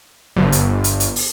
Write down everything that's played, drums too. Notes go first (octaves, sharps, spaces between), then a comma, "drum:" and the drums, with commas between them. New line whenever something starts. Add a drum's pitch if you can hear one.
G1
drum: hi-hat
drum: hi-hat
drum: hi-hat
drum: open hi-hat